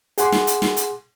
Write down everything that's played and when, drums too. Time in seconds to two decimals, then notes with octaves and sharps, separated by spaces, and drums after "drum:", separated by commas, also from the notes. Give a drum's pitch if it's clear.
0.18 G#4 F#5 C6 D6, drum: hi-hat
0.32 drum: snare
0.47 drum: hi-hat
0.62 drum: snare
0.77 drum: hi-hat